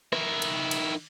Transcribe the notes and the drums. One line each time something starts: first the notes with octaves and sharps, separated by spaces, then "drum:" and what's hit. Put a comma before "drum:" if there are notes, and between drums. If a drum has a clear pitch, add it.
D#3 E4, drum: rim click
drum: cymbal
drum: cymbal